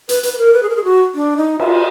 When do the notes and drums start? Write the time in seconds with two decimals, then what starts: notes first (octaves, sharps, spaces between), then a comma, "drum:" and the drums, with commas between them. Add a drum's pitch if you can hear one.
0.09 B4, drum: hi-hat
0.23 B4, drum: hi-hat
0.33 B4
0.38 A#4
0.54 B4
0.63 G#4
0.70 A#4
0.76 G#4
0.84 F#4
1.15 D4
1.37 D#4
1.60 F4, drum: cymbal